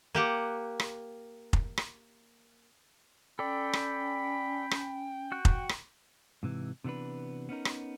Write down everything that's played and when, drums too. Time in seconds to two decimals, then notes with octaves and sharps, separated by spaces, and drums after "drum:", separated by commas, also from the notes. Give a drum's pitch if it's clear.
0.15 A#3 G4 F#5
0.80 drum: rim click
1.53 drum: kick F1
1.78 drum: rim click
3.39 C#4 A4 D5 G5 B5
3.73 drum: rim click
4.71 drum: rim click
5.32 F#4 F#6
5.45 drum: kick F1
5.69 drum: rim click
6.43 G#2 C3 E3
6.84 C3 E3 B3 D4 B4
7.49 B3 C#4 D#4 A#4
7.65 drum: rim click